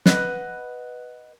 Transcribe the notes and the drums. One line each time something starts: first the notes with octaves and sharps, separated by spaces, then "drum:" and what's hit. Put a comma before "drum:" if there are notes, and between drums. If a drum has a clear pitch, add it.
B4 D#5 F#5, drum: snare